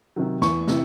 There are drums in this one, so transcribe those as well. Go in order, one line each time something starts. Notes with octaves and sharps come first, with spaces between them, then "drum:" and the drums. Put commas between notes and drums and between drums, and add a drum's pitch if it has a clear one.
C3 D#3 F#3
E2 C#6, drum: snare
C3 E3, drum: snare